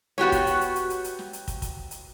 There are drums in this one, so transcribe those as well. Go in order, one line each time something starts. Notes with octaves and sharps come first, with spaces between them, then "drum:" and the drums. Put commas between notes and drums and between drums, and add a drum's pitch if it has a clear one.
B3 F#4 G4 C#5, drum: snare
drum: kick, hi-hat
drum: hi-hat
drum: hi-hat
drum: hi-hat
drum: hi-hat
drum: hi-hat
drum: snare
drum: hi-hat
drum: kick, hi-hat
drum: kick, hi-hat
drum: hi-hat